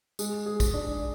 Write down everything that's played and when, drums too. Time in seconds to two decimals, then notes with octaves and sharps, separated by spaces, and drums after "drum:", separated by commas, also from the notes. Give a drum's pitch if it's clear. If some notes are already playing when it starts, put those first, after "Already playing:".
0.19 G#3, drum: tambourine
0.46 G#4
0.60 drum: kick, tambourine
0.74 D4